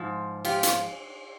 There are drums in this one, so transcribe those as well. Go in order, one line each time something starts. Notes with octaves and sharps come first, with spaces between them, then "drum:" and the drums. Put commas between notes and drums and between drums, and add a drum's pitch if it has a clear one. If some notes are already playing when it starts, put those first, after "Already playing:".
Already playing: G#2 F3
F4 G4, drum: cymbal
drum: hi-hat